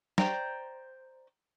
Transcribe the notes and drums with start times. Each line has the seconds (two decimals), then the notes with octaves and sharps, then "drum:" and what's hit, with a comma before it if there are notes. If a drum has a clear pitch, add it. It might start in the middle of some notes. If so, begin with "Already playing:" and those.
0.18 C5 D5 G5 A#5, drum: snare